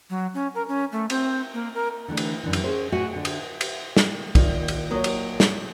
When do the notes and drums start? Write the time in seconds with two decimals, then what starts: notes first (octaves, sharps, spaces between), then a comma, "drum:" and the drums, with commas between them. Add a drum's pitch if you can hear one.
0.10 F#3
0.34 C#4
0.55 A#4
0.68 C#4
0.92 A3
1.10 C4, drum: cymbal
1.54 A#3
1.75 A#4
2.08 D3 E3 A3 D4
2.17 drum: cymbal
2.43 F#2 D3 E3
2.53 drum: cymbal
2.64 C#4 G#4 C5
2.92 A2 F#4 E5 F#5 G#5
3.13 D3 F#5
3.25 drum: cymbal
3.61 drum: cymbal
3.97 drum: snare
4.35 A#2 D#3, drum: kick, cymbal
4.68 drum: cymbal
4.91 F#3 A#3 C#5 D#5
5.04 drum: cymbal
5.40 drum: snare